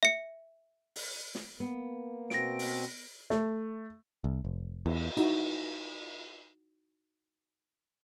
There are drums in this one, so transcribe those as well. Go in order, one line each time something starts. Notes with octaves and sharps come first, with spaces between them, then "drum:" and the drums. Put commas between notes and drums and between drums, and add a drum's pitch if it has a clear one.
E5 C#7
drum: open hi-hat
drum: snare
A#3 B3
B2 C4 A#6 D7, drum: snare
drum: open hi-hat
A3, drum: snare
C2
F1
E2, drum: cymbal
D#4 E4 F#4, drum: hi-hat